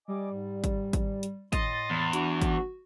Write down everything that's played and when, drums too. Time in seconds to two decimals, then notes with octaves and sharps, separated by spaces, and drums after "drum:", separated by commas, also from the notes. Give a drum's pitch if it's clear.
0.08 G3 D#5 G#5 D6
0.32 G#2
0.64 drum: kick, hi-hat
0.93 drum: kick, hi-hat
1.23 drum: hi-hat
1.53 A2 D#5 C6 A6, drum: kick, hi-hat
1.90 E2
2.13 D4 F#4, drum: hi-hat
2.42 drum: kick, hi-hat